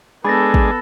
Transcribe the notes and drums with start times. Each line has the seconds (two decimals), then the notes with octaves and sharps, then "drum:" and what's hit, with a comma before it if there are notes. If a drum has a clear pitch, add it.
0.24 G#3 B3 D4 G#4 A4 B5 A6 A#6
0.54 drum: kick